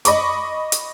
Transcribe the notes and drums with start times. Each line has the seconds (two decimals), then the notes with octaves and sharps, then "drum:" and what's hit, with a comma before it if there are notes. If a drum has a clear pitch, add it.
0.05 D#5 B5 C#6 D6, drum: hi-hat
0.72 drum: hi-hat